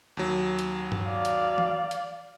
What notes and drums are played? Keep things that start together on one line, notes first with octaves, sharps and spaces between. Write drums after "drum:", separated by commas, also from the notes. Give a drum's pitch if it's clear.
D#2 F#3
drum: hi-hat
drum: tom G2
D5 F5
drum: hi-hat
drum: tom E3
drum: hi-hat